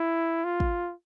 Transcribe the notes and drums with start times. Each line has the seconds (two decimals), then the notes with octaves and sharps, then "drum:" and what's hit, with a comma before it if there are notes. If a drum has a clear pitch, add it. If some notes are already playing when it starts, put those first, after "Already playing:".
Already playing: E4
0.45 F4
0.60 drum: kick